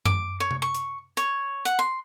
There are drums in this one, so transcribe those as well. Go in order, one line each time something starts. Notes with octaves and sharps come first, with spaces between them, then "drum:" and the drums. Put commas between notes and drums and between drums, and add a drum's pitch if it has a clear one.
D6, drum: tom F#2
C#5
drum: tom C3
C#6
drum: hi-hat
C#5, drum: hi-hat
F#5, drum: hi-hat
C6